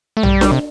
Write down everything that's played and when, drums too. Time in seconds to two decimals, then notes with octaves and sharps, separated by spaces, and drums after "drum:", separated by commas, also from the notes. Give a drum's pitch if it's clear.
0.17 A3
0.23 G3, drum: tom
0.41 drum: snare D4
0.51 C3